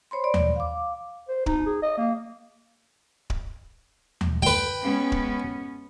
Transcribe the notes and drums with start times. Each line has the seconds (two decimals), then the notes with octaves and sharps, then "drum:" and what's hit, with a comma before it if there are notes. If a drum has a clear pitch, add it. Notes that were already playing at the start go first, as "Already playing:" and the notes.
0.11 C5 C#5 B5 C6
0.24 D5
0.34 drum: tom D#2
0.56 F5 D6
1.29 C5
1.46 D#4, drum: kick D1
1.66 G#4
1.83 D#5
1.98 A#3
3.30 drum: kick D1
4.21 drum: tom D#2
4.43 B4 G5
4.81 G#3 B3 C#4
5.12 drum: kick D1